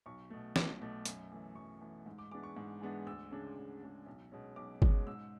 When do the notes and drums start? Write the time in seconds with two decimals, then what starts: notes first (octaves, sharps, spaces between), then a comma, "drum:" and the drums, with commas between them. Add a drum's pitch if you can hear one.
0.06 B1 C#6
0.30 B2 A3
0.56 B1 D6, drum: snare
0.81 B2 A3
1.05 F#2, drum: hi-hat
1.32 E3 A3
1.56 F#2 C#6
1.81 E3 A3
2.06 G#2
2.19 D6
2.31 E3 G#3 B3 D4 D6
2.43 C#6
2.57 G#2
2.81 E3 G#3 B3 D4
3.06 D2 E6
3.31 C#3 G#3 D4
3.56 D2
3.82 C#3 G#3 D4
4.07 B1
4.32 B2 G#3 C#4
4.56 B1 D6
4.82 B2 G#3 C#4, drum: kick G1
5.07 G#2 E6